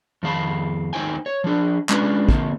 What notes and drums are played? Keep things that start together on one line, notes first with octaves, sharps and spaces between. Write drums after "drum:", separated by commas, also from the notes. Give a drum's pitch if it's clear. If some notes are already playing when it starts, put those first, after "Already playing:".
F2 D#3 F5 A5 B5
D#2 D#4 C5 G5 G#5
C#5
F3 D4
G#3 C#4 D4 F4 B4, drum: clap
D3 A#3 C4, drum: kick